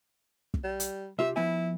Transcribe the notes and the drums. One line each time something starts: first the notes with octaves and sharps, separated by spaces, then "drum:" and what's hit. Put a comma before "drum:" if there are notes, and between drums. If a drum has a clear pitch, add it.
drum: kick
G3
drum: hi-hat
C2 F4 G4 E5
F3 B3 E4 G#5